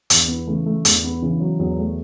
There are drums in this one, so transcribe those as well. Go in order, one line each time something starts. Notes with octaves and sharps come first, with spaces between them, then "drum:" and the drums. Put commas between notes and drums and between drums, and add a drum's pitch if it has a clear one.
E2 E4, drum: hi-hat
B3
C#3 E3 A3
A3
E2 A3, drum: hi-hat
B3
C#3 E3 B3
F#3
E2 F#3
A3